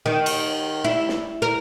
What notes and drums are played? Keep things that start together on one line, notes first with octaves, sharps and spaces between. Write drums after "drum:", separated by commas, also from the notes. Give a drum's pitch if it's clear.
D#3
drum: cymbal
E4
drum: snare
A#4